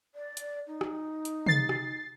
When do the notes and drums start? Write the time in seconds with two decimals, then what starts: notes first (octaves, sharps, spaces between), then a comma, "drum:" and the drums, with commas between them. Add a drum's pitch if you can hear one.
0.15 D5
0.37 drum: hi-hat
0.67 D#4
0.81 drum: rim click
1.25 drum: hi-hat
1.46 A6 C7, drum: tom
1.69 drum: rim click